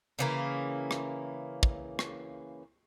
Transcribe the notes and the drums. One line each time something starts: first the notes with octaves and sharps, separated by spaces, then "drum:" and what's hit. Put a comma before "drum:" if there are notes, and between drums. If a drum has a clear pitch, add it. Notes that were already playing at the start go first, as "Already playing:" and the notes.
C#3 E3 A#3
drum: rim click
drum: kick
drum: rim click